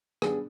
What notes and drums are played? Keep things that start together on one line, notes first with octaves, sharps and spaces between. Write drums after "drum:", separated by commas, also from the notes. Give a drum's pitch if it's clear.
G3 B3 D4 G#4, drum: rim click